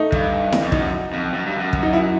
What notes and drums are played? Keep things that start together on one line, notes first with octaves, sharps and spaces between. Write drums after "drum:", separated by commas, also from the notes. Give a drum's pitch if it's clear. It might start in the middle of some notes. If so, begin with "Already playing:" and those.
Already playing: A3 D#4
G2, drum: kick
drum: snare E4
F2
F#2 D#4, drum: kick
F2
F#2
G2
F#2
drum: kick
D#4
E4